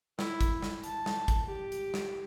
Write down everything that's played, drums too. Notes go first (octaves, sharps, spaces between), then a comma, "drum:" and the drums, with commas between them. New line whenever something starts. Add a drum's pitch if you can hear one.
E4, drum: snare
drum: kick, hi-hat
drum: snare
A5, drum: hi-hat
drum: snare
drum: kick, hi-hat
G4
drum: hi-hat
drum: snare